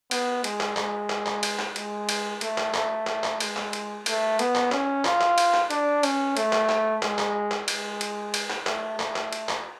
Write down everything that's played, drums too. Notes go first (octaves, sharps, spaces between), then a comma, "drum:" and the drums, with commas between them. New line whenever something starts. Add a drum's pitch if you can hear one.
B3, drum: cymbal
G#3, drum: cymbal
drum: clap
G#3, drum: clap
drum: clap
drum: clap
drum: cymbal
drum: clap
G#3, drum: cymbal
drum: cymbal
A3, drum: cymbal
drum: clap
A3, drum: clap
A3, drum: clap
drum: clap
G#3, drum: cymbal
drum: clap
drum: cymbal
A3, drum: cymbal
B3, drum: cymbal
drum: clap
C#4, drum: clap
F4, drum: clap
drum: clap
drum: cymbal
drum: clap
D4, drum: cymbal
C#4, drum: cymbal
A3, drum: cymbal
drum: clap
drum: clap
G#3, drum: clap
drum: clap
drum: clap
G#3, drum: cymbal
drum: cymbal
drum: cymbal
drum: clap
A3, drum: clap
A3, drum: clap
drum: clap
drum: cymbal
drum: clap